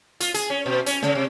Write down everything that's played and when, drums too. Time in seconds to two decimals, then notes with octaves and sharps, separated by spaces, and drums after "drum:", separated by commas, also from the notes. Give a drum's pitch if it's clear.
0.20 F4, drum: hi-hat
0.34 G#4, drum: hi-hat
0.50 C#4
0.66 B2
0.86 C#4, drum: hi-hat
1.03 C#3, drum: snare
1.15 C3